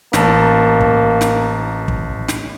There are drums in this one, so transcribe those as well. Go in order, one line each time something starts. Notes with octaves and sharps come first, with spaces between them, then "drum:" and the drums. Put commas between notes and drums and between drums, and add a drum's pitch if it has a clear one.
A1 A#3 A5, drum: snare
drum: kick
drum: snare
drum: kick
drum: snare